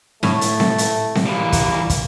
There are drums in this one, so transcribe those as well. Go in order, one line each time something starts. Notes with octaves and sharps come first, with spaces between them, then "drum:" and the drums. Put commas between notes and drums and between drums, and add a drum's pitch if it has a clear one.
A2 A3, drum: snare C4
drum: hi-hat
drum: snare C4
drum: hi-hat
drum: snare C4
E3 G3 A#3
drum: kick, hi-hat
drum: kick, hi-hat